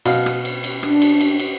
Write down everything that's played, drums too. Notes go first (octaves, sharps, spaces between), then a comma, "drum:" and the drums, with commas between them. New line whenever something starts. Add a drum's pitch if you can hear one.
B2 F5, drum: cymbal
drum: rim click
drum: cymbal
drum: cymbal
D4, drum: rim click
drum: cymbal
drum: cymbal
drum: cymbal